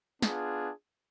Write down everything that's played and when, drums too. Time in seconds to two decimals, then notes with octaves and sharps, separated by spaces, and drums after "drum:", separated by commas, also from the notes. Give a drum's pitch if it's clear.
0.22 B3 D4 F4 G#4, drum: snare